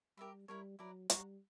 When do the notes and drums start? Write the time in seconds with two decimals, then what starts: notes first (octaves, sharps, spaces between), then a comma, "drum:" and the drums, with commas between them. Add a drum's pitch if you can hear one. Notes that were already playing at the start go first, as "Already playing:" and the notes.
0.17 G3 G4 A#4 E5 B5
0.48 G3 E4 A#4 C#5
0.79 F#3 E4 B4 D5 A#5
1.10 G3 F#4 C#5 F#5 A#5, drum: hi-hat